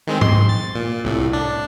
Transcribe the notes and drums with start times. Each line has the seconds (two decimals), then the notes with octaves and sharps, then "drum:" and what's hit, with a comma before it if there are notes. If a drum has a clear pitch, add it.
0.07 D#3 G#3 C4
0.21 C6, drum: tom G#2
0.49 A6
0.75 A#2
1.05 C2 A2
1.33 D4